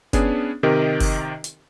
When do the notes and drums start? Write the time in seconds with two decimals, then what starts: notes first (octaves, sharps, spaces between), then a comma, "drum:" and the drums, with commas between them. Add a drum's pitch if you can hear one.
0.13 B3 C#4 D4 G#4, drum: kick F#1, hi-hat
0.63 C3 D#3 G4 A#4 D#5
1.00 drum: kick F#1, open hi-hat
1.44 drum: hi-hat